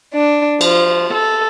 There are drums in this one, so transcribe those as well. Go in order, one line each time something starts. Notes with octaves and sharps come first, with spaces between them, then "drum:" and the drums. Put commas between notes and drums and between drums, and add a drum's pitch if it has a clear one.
D4
F3, drum: cymbal
A4